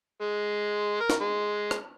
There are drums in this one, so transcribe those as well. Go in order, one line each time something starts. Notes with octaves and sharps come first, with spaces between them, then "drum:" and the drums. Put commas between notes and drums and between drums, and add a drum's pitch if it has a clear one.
G#3
A#4
drum: snare
G#3
drum: rim click